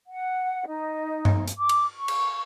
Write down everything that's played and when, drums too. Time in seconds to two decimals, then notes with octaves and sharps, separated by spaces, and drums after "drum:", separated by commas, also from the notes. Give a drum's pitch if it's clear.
0.07 F#5
0.66 D#4
1.25 drum: tom G2
1.48 drum: hi-hat
1.58 D6
1.69 drum: cymbal
1.95 C#6
2.08 drum: cymbal